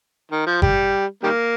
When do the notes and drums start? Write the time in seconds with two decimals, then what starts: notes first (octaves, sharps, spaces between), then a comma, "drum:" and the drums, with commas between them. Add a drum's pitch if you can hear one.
0.32 D#3
0.46 F3
0.62 G3, drum: kick G1
1.24 D#3 G3 A#3